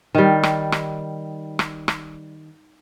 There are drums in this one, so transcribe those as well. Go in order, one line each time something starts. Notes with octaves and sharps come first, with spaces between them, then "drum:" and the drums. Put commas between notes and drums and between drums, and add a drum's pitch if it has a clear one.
D#3 G3
drum: rim click
drum: rim click
drum: rim click
drum: rim click